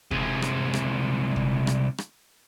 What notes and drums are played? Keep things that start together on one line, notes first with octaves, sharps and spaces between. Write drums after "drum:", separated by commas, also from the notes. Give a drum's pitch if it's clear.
C2 G#3, drum: kick
drum: rim click
drum: rim click
drum: kick
drum: rim click
drum: rim click